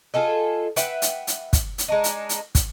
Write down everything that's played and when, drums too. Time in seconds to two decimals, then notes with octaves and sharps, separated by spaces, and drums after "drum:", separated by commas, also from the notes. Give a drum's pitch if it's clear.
0.14 F4 G#4 A4 D#5
0.76 B4 E5 F#5 G5, drum: hi-hat
1.02 drum: hi-hat
1.27 drum: hi-hat
1.53 drum: kick, hi-hat
1.78 drum: hi-hat
1.88 G#3 D4 D#4
2.04 drum: hi-hat
2.29 drum: hi-hat
2.55 drum: kick, hi-hat